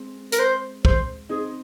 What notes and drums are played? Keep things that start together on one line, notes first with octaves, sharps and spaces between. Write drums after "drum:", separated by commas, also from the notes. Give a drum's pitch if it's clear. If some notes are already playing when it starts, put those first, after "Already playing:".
Already playing: G#3 C4
A#4, drum: hi-hat
C5
C5, drum: kick
C4 D#4 G#4